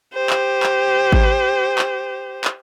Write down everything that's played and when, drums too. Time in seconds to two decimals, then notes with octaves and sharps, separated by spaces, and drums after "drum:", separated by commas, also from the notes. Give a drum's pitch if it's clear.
0.13 G4 C5
0.30 drum: clap
0.63 drum: clap
1.12 drum: kick G#1
1.79 drum: clap
2.45 drum: clap